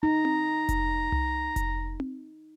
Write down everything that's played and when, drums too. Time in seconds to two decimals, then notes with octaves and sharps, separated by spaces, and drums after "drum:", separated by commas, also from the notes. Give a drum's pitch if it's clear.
0.03 D#4 A#5
0.25 drum: tom C4
0.69 drum: kick F1, hi-hat
1.12 drum: tom C2
1.56 drum: kick F1, hi-hat
2.00 drum: tom C4